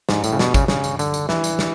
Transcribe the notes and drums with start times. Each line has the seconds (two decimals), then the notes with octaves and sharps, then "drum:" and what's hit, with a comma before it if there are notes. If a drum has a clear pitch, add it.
0.09 G#2, drum: snare
0.24 A2, drum: tambourine
0.33 C#3
0.39 B2, drum: snare
0.54 C#3, drum: kick, tambourine
0.68 C#3, drum: snare
0.84 drum: tambourine
0.99 D3, drum: tambourine
1.14 drum: tambourine
1.29 E3, drum: snare
1.44 drum: tambourine
1.59 drum: snare